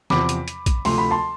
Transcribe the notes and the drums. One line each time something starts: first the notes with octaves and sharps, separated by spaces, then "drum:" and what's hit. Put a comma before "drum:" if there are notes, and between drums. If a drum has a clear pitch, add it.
E2 C3 F3 C4 B5 D6, drum: snare
drum: hi-hat
drum: hi-hat
drum: kick A#1, hi-hat
D2 C3 F3 A3 C6, drum: open hi-hat
B5
A5 C6